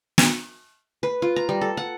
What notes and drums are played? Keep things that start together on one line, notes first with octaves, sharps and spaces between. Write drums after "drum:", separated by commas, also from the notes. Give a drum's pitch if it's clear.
drum: snare
B4
F4
A#5
G3
A4
F#5